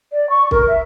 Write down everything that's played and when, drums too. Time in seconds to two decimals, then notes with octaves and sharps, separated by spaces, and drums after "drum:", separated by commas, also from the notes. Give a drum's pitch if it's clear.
0.12 D5
0.30 C#6
0.51 A#4, drum: kick
0.68 E5